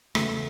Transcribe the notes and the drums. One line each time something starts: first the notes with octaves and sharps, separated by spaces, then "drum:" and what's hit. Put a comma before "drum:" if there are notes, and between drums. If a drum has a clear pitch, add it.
E2 C#3 F#3 A3 B3, drum: rim click